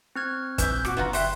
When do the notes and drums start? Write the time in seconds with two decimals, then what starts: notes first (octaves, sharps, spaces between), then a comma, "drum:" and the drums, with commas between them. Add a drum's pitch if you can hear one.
0.16 C4 F6 G#6
0.58 A#1 E3 G3 E4 G6, drum: kick, hi-hat
0.85 A#2 F#4 D6, drum: rim click
0.97 F#1 D3 B3 F4 F#4 F#5 A#5
1.13 G3 E5 F#5 C6, drum: open hi-hat